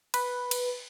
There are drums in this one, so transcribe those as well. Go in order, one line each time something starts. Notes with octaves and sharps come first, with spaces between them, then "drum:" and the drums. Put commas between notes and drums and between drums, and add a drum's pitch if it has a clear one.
B4, drum: cymbal
drum: cymbal